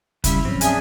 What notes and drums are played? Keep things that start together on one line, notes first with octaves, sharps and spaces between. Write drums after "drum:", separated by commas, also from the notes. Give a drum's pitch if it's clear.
C#3 G3 E4, drum: kick, hi-hat
G#2 F3 F#3 C4 C#4
D4 G#4 E5 G#5, drum: hi-hat